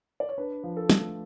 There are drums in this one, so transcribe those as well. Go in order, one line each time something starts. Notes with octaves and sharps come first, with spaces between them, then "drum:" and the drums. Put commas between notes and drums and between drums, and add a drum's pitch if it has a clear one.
D5
C#5
D4 B4
F3
A4
A3, drum: snare